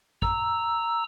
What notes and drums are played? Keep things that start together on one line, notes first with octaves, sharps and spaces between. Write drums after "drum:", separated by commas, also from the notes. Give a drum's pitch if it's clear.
A#5 E6, drum: kick